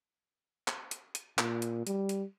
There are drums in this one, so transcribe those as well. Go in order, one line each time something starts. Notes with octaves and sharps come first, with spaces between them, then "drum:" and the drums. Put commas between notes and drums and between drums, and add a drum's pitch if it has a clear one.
drum: clap
drum: hi-hat
drum: hi-hat
A#2, drum: clap
drum: hi-hat
G3, drum: hi-hat
drum: hi-hat